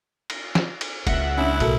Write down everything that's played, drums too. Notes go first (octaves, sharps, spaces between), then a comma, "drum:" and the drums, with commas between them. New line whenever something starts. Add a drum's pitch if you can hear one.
drum: cymbal
drum: snare
drum: cymbal
C#2 A#3 E5 F#5, drum: kick F1, cymbal
C#4 D4 E4
B1 A2 F#4 A4 A#4, drum: cymbal